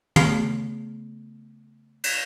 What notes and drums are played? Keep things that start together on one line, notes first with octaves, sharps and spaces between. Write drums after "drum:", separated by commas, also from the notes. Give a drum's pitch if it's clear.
C#3 A3 B3 G#4, drum: tom
drum: cymbal